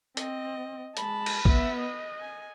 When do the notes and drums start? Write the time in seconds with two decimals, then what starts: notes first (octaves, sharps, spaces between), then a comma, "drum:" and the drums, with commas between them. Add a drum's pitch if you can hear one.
0.17 C4 D#5, drum: hi-hat
0.97 G#3 A5 B5, drum: hi-hat
1.26 drum: cymbal
1.45 B3 E5, drum: kick
1.79 D#5
2.20 G#5